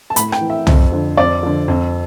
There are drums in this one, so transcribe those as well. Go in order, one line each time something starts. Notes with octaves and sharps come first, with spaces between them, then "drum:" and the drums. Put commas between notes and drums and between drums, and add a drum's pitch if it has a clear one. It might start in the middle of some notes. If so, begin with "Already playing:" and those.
A5
A2 B5, drum: hi-hat
G5, drum: rim click
E3
E5
F2, drum: tom
D3 F3
F2 D5
D3 F3
F2